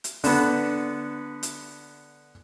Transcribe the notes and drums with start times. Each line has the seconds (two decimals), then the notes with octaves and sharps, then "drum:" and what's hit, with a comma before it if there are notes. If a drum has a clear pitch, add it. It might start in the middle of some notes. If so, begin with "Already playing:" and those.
0.04 drum: hi-hat
0.24 D3 B3, drum: open hi-hat
1.43 drum: hi-hat